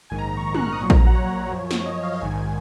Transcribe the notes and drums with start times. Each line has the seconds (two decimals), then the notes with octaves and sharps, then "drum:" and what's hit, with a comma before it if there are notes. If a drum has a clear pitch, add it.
0.10 A#1 G#2 D#3 G#5
0.18 A#5
0.37 C#6
0.55 F#6, drum: tom
0.63 F6
0.72 D#6
0.80 A#1 A#2 F#3 C#6
0.90 A#5, drum: kick
1.07 F#5
1.15 C#5
1.51 F#2 F3
1.71 drum: snare
1.80 C#5
1.86 D#5
1.95 C#5
2.03 F5
2.12 D#5
2.21 A#1 G#2 D#3 G#5